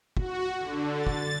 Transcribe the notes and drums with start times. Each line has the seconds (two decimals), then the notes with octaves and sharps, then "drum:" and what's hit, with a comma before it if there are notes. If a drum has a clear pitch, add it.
0.17 F#4, drum: kick
0.57 D3
0.96 A6
1.07 drum: kick